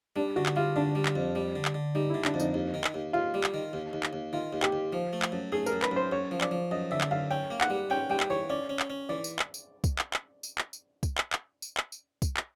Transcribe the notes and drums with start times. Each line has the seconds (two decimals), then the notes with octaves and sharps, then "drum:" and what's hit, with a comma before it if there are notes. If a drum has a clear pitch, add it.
0.16 G3 D4
0.36 D3 F#4
0.46 drum: clap
0.56 G3 F4
0.76 D3 D4
0.95 G3
1.06 drum: clap
1.16 F2
1.35 G3
1.56 D3
1.65 drum: clap
1.74 D3
1.95 G3 D#4
2.10 E4
2.14 D3
2.25 D4, drum: clap
2.34 F2
2.40 D#4, drum: tambourine
2.54 D#2
2.74 D#3
2.84 drum: clap
2.94 D#2
3.13 D#2 F4
3.34 G3
3.44 drum: clap
3.54 D#3
3.73 D#2
3.93 D#2
4.03 drum: clap
4.13 D#2
4.33 D#3 F4
4.53 D#2
4.63 G4, drum: clap
4.73 D#2
4.93 F3
5.13 A3
5.22 drum: clap
5.32 F#2
5.52 A3 G#4
5.66 A#4, drum: tambourine
5.72 F#2
5.82 B4, drum: clap
5.91 F#2 C5
6.12 F#2 C#5
6.31 F3
6.41 D5, drum: clap
6.51 F3
6.71 F#2 D#5
6.91 D3 E5
7.01 drum: clap
7.11 F#2 F5
7.30 C#4 G5
7.51 A#3
7.61 F#5, drum: clap
7.70 G3
7.90 C#4 G5
8.10 G3 G5
8.20 drum: clap
8.30 E3 C#5
8.50 C#4 D5
8.69 C#4
8.80 drum: clap
8.90 C#4
9.09 E3 D5
9.24 drum: tambourine
9.39 drum: clap
9.54 drum: tambourine
9.84 drum: kick, tambourine
9.99 drum: clap
10.14 drum: clap
10.43 drum: tambourine
10.58 drum: clap
10.73 drum: tambourine
11.03 drum: kick, tambourine
11.18 drum: clap
11.33 drum: clap
11.62 drum: tambourine
11.77 drum: clap
11.92 drum: tambourine
12.22 drum: kick, tambourine
12.37 drum: clap